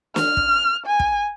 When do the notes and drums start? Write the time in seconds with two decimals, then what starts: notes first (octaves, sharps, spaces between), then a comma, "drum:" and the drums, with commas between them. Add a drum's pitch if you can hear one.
0.16 F6, drum: snare
0.37 drum: kick
0.86 G#5
1.00 drum: kick